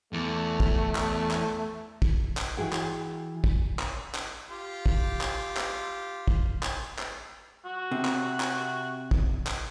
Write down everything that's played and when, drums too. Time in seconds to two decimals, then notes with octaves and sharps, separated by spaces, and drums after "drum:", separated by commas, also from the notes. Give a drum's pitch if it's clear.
0.13 E2 A3
0.60 drum: kick
0.95 drum: clap
1.31 drum: clap
2.02 drum: kick
2.37 drum: clap
2.57 E3 F#4 G#4 G5
2.73 drum: clap
3.44 drum: kick
3.79 drum: clap
4.15 drum: clap
4.50 F4 G4
4.86 drum: kick
5.21 drum: clap
5.57 drum: clap
6.28 drum: kick
6.63 drum: clap
6.99 drum: clap
7.65 F#4
7.91 C3
8.05 drum: clap
8.40 drum: clap
9.11 drum: kick
9.47 drum: clap